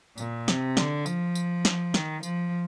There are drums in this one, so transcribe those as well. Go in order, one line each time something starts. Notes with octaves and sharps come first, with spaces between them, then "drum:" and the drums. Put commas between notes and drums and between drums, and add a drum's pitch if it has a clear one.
A#2, drum: tambourine
C3, drum: snare
D3, drum: snare
F3, drum: tambourine
drum: tambourine
drum: snare
D#3, drum: snare
F3, drum: tambourine